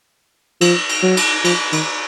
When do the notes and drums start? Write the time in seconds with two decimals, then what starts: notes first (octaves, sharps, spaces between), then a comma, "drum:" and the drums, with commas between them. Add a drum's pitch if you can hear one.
0.61 F3, drum: cymbal
0.89 drum: cymbal
1.03 F#3
1.17 drum: cymbal
1.44 F3, drum: cymbal
1.72 D#3, drum: cymbal